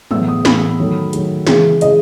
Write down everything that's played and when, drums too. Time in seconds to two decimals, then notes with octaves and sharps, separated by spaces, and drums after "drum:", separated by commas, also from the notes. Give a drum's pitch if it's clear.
0.11 A2 E3 B3 E6, drum: tom
0.28 D#6
0.45 A2 E3 B3 B5, drum: snare
0.80 D#3 F#3 A3
1.13 D#3 F#3 A3, drum: hi-hat
1.47 C#3 E3 G#3, drum: snare
1.81 C#3 E3 G#3 D#5, drum: hi-hat